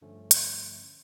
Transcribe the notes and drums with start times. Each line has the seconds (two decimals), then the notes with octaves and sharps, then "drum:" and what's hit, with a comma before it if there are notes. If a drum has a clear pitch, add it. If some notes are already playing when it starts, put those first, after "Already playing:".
0.02 G2 D3 F3 A3 C#4
0.31 drum: hi-hat